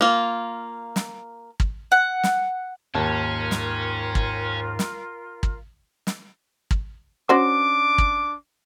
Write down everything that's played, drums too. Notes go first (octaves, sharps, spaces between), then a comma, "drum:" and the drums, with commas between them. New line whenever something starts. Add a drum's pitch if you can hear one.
A#3 F4
drum: snare
drum: kick
F#5
drum: snare
D#2 G#2 C#4 F4 A#4 A5
drum: snare
drum: kick
drum: snare
drum: kick
drum: snare
drum: kick
C#4 D4 F#4 C5 D6
drum: kick